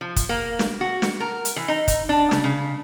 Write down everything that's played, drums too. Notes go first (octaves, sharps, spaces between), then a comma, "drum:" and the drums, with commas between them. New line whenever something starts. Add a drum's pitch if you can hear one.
F3
drum: kick, hi-hat
A#3
drum: snare
F#4
drum: snare
A#4
drum: hi-hat
E3
D#4
drum: kick, hi-hat
D4
C#3, drum: snare
C#3